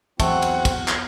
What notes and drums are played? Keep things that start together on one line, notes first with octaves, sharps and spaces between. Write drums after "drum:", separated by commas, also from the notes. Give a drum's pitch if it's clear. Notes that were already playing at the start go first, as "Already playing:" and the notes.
E2 F#3 A3 C4 F#5, drum: kick, cymbal
drum: cymbal
drum: kick, cymbal
drum: clap